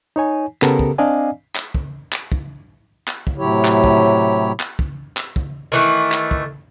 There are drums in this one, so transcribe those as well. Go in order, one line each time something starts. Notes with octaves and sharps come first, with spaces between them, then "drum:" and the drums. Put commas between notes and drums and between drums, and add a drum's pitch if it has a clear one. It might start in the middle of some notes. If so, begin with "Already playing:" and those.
D#4 C#5 G#5
C#3 B3 G4 A4 A#4, drum: clap
drum: kick
C4 D4 D5 D#5 F5 G#5
drum: clap
drum: kick
drum: clap
drum: kick
drum: clap
drum: kick
A2 C3 F#3 E4 G4 C#5
drum: clap
drum: kick
drum: clap
drum: kick
drum: clap
drum: kick
D#3 E3 A3
drum: clap
drum: kick